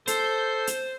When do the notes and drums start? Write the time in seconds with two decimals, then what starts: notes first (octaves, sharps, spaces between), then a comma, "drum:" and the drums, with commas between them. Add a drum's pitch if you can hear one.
0.07 A4 C5 G6, drum: hi-hat
0.67 drum: hi-hat